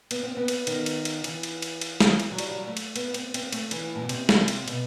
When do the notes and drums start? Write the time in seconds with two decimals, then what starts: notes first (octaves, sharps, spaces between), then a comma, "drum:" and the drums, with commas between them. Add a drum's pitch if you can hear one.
0.11 B3, drum: cymbal
0.23 C4
0.37 B3
0.48 drum: cymbal
0.67 D#3, drum: cymbal
0.86 drum: cymbal
1.05 drum: cymbal
1.24 E3, drum: cymbal
1.43 drum: cymbal
1.62 drum: cymbal
1.81 drum: cymbal
2.01 drum: snare
2.20 drum: cymbal
2.32 F#3
2.38 G3, drum: cymbal
2.51 F#3
2.60 G3
2.67 A3
2.77 drum: cymbal
2.96 B3, drum: cymbal
3.14 C4, drum: cymbal
3.34 C4, drum: cymbal
3.53 A3, drum: cymbal
3.71 E3, drum: cymbal
3.95 A2
4.02 B2
4.09 C3, drum: cymbal
4.29 drum: snare
4.48 drum: cymbal
4.68 B2, drum: cymbal